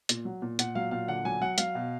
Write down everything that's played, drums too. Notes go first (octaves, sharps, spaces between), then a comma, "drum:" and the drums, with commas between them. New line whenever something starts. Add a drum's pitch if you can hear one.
A#2, drum: hi-hat
F#3
A#2
A#2 F#5, drum: hi-hat
F#3 F5
A#2 F5
D3 F#5
F#3 G#5
F#3 F#5
F#3 F5, drum: hi-hat
B2